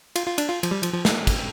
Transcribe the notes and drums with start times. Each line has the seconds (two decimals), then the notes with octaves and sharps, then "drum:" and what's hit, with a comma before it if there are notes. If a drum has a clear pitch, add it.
0.16 F4, drum: cymbal
0.27 F4
0.38 D4, drum: cymbal
0.49 F4
0.63 F3, drum: cymbal
0.71 G3
0.83 F3, drum: cymbal
0.94 F3
1.05 A#3, drum: snare
1.27 drum: kick, cymbal